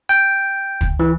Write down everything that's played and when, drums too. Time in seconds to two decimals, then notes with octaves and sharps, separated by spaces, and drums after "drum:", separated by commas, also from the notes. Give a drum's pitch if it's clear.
0.09 G5
0.81 drum: kick
1.00 E3